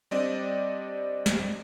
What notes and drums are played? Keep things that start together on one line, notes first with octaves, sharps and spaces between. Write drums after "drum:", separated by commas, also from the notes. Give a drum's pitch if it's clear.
G3 C4 D4 D5 D#5
drum: snare